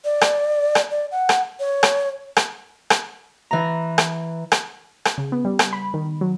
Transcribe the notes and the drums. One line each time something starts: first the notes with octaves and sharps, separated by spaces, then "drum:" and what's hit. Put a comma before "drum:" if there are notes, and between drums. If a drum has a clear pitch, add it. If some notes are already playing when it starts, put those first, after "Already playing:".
D5
drum: rim click
drum: rim click
D5
F#5
drum: rim click
C#5
drum: rim click
drum: rim click
drum: rim click
E3 A#5
drum: rim click
drum: rim click
drum: rim click
C#3
B3
G3
drum: rim click
B5
D#3
F#3